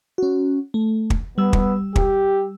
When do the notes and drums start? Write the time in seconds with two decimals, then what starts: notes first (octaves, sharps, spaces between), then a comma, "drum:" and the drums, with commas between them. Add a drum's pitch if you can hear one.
0.18 C#4 F#4
0.74 A3
1.10 drum: kick
1.38 G3 B3 E6
1.53 drum: kick
1.96 G4, drum: kick